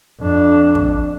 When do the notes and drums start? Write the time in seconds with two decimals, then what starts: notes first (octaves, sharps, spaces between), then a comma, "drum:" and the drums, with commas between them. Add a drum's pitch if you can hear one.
0.20 F2 D4
0.75 drum: kick